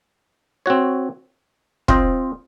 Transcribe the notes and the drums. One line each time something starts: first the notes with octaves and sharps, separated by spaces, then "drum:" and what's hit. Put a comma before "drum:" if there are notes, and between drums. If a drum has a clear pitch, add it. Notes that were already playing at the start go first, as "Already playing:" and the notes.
C4 F#4 C#5
C4 F4 C5 D#5, drum: kick